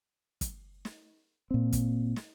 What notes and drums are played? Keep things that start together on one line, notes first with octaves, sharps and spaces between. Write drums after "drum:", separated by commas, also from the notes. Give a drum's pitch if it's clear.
drum: kick, hi-hat
drum: snare
A#2 C4
drum: kick, hi-hat
drum: snare